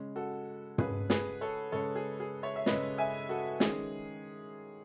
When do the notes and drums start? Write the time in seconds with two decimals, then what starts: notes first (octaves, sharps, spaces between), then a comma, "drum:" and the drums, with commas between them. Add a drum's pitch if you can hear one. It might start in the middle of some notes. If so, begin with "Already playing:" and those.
Already playing: C#3 G#3 C#4
0.16 F#4 A4
0.78 C#3 G#3 C#4 G#4 B4, drum: tom
1.10 G#4 B4, drum: snare
1.41 A4 C#5
1.72 C#3 G#3 C#4 A4 C#5
1.95 G#4
2.20 G#4
2.43 C#5 E5
2.56 E5
2.66 C#3 G#3 C#4 B4 D#5, drum: snare
2.98 E5 G#5
3.29 F#4 A4
3.60 D#3 G#3 C#4 G#4, drum: snare